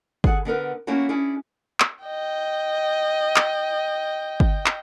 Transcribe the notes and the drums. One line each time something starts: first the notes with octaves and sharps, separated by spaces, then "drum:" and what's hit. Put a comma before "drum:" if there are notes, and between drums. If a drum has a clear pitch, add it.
G#4 A4 F#5, drum: kick G1
D3 B3 A#4 B4
A3 A#3 C#4 E4 F#4 F#5
C#4 D4 E4 G#4
drum: clap
D#5 G5
drum: clap
drum: kick G1
drum: clap